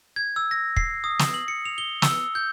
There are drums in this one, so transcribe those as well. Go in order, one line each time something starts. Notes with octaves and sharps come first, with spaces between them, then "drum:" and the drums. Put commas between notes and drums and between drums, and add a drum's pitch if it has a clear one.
G#6
E6
A#6
C7, drum: kick
D#6
drum: snare
F#7
C#7
F7
G7
E6, drum: snare
G6